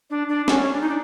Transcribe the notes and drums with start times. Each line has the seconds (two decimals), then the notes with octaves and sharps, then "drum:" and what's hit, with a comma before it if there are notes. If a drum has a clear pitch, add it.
0.10 D4
0.28 D4
0.48 C#4, drum: snare
0.72 D4
0.81 D#4
0.88 D4